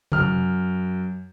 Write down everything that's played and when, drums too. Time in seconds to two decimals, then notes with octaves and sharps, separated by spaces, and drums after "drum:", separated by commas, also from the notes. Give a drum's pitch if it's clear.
0.12 F#2 F6, drum: tom C3